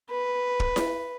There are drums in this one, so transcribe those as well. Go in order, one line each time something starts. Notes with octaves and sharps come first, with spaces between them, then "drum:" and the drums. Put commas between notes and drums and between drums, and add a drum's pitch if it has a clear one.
B4
drum: kick
drum: snare E4